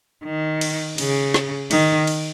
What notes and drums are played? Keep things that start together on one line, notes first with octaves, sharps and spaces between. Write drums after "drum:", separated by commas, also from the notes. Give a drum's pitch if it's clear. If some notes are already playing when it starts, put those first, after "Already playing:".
D#3
drum: cymbal
C#3, drum: cymbal
drum: snare
D#3, drum: cymbal
drum: cymbal